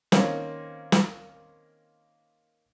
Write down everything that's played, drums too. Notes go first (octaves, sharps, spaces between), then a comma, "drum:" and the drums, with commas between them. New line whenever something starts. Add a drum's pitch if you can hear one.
D#3 A#3 C4 C#4, drum: snare
drum: snare